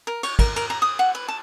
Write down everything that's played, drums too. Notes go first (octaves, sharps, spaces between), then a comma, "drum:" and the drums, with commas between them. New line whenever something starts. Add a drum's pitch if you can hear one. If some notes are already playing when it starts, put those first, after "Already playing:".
A#4
C#5, drum: cymbal
A#4, drum: kick, cymbal
A#4, drum: cymbal
A#5
D#6
F#5
B4
A5